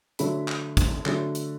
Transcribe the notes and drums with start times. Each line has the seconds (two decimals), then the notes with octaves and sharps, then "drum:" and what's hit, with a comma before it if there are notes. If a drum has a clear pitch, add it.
0.19 D3 F#3 A3 B5, drum: hi-hat
0.48 drum: clap
0.77 drum: kick, hi-hat
1.06 D3 F#3 A3, drum: clap
1.35 drum: hi-hat